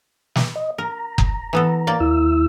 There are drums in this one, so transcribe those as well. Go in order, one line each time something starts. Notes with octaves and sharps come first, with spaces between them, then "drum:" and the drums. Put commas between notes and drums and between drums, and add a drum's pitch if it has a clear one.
drum: snare
D#5
A#4 A#5
drum: kick F#1
E3 B3 A4
A#3 D5
D#2 E4 E6